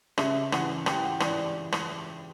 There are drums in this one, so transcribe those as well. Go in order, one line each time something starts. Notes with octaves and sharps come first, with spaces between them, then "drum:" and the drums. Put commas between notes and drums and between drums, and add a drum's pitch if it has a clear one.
C#3 E5, drum: rim click
E3 F#5, drum: rim click
E3 G5, drum: rim click
F#5
E3 D5, drum: rim click
drum: rim click